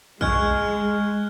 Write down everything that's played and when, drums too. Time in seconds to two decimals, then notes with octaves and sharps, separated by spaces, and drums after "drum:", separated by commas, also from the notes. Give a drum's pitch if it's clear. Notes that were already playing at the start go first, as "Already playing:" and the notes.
0.21 G#3 D#5 G#5 C#6 F6 F#6 G#6, drum: kick